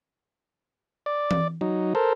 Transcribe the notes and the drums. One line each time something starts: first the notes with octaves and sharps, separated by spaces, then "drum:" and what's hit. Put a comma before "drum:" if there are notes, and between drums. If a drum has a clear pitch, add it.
D5
drum: tom E3
F#3 D#4
A4 A#4 C5